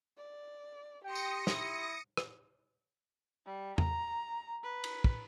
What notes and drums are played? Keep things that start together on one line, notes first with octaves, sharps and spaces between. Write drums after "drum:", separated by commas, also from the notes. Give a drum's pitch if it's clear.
D5
G4 G5 C6 D#6 A#6 C#7
drum: tambourine
E4, drum: snare
drum: rim click
G3
A#5, drum: tom E2
B4
drum: cymbal
drum: kick